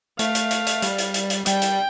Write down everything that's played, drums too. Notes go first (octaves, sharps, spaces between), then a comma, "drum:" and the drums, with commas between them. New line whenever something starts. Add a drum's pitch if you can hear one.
A3 F5, drum: hi-hat
drum: hi-hat
drum: hi-hat
drum: hi-hat
G3, drum: hi-hat
drum: hi-hat
drum: hi-hat
drum: hi-hat
G3 G5, drum: hi-hat
drum: hi-hat